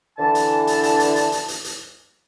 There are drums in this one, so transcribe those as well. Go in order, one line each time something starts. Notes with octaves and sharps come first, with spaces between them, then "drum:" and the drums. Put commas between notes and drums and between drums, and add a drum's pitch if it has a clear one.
D3 E3 A5
drum: hi-hat
drum: hi-hat
drum: hi-hat
drum: hi-hat
drum: hi-hat
drum: hi-hat
drum: hi-hat
drum: hi-hat